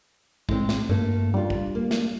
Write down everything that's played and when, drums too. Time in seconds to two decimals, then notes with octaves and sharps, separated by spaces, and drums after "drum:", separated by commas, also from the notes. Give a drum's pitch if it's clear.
0.49 A2 G#3 C4, drum: kick
0.69 drum: snare
0.89 G2 A3 A#3
1.34 G3 D4 F4
1.50 drum: kick
1.75 A#3
1.91 drum: snare